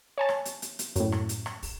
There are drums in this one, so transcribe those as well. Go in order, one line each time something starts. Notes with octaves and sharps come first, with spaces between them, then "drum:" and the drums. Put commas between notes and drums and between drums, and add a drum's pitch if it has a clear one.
C#5 G#5 A5
drum: rim click
drum: hi-hat
drum: hi-hat
drum: hi-hat
F#2 A2, drum: hi-hat
drum: rim click
drum: hi-hat
drum: rim click
drum: kick, open hi-hat